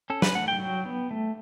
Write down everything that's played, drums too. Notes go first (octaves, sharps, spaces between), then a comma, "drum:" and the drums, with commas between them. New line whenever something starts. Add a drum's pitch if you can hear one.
C#4 A4
B4, drum: snare
A3 F#5
G5
F#3
B3
A3